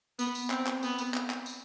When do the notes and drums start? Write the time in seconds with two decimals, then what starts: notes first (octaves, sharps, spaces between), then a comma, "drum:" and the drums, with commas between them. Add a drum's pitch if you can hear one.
0.19 B3, drum: tambourine
0.35 drum: tambourine
0.50 C4, drum: clap
0.67 drum: clap
0.83 B3, drum: tambourine
0.98 drum: tambourine
1.14 drum: clap
1.30 drum: clap
1.46 drum: tambourine